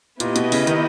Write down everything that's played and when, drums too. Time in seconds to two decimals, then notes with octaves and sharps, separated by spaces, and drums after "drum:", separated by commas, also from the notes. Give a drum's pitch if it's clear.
0.20 A#2 B3 E4 G4 B4 D#5, drum: hi-hat
0.36 B2, drum: hi-hat
0.52 C#3, drum: open hi-hat
0.67 D#3, drum: hi-hat